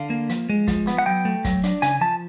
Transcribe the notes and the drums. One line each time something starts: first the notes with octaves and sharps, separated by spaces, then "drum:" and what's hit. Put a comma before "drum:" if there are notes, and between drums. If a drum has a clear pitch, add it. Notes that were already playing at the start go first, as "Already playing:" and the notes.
Already playing: D3 F5
A#3
F3, drum: hi-hat
G#3
F3, drum: kick, hi-hat
B3, drum: hi-hat
F#5
F#3 G5
A3
F#3, drum: kick, hi-hat
D4, drum: hi-hat
C#3 G#5, drum: hi-hat
F3 A5